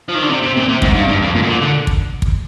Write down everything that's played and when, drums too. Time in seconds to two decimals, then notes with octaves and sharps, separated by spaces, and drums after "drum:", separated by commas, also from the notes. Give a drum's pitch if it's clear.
0.09 F3
0.15 D#3
0.23 D3
0.29 C3
0.43 C3
0.57 A#2
0.69 C3
0.82 G#2, drum: kick
0.95 G2
1.09 G2
1.22 F2
1.35 A#2
1.42 G#2
1.47 A#2
1.61 D3
1.87 drum: kick
2.22 drum: kick